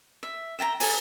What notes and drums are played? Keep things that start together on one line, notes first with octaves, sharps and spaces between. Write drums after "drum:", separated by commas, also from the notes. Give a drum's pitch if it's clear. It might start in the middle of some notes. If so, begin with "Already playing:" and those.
E5
E5 G5 A5 A#5
A4 C#5 G#5, drum: open hi-hat